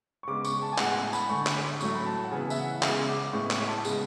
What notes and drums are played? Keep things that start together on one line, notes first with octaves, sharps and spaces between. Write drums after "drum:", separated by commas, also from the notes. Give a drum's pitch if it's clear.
C#6
C#3 G#3 B3 D6
C#6, drum: tambourine
A5
G#5
A2 G#3 B3 F#5, drum: clap
G#5
A5
B5, drum: tambourine
D3 A3 C#6
drum: clap
A2 F#3 A3 C#6, drum: tambourine
B5
A5
F#5
C#3 E3 B3 G#5
E5, drum: tambourine
F#5
C#3 G#3 B3 E5, drum: clap
D6
A2 G#3 B3 C#6
C#6, drum: clap
A5
C#3 G#3 B3, drum: tambourine